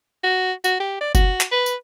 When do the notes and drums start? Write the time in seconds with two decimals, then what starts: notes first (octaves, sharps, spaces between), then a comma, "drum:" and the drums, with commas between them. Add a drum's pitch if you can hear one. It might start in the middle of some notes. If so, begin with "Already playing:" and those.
0.24 F#4
0.64 F#4, drum: tambourine
0.80 G4
1.01 D5
1.15 F#4, drum: kick F#1, tambourine
1.41 drum: clap
1.52 B4
1.66 drum: tambourine